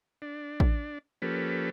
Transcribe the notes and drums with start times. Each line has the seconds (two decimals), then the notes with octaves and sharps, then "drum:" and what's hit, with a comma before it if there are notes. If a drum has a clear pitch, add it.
0.22 D4
0.60 drum: kick A1
1.22 F3 A#3 C#4 G4 A4 B4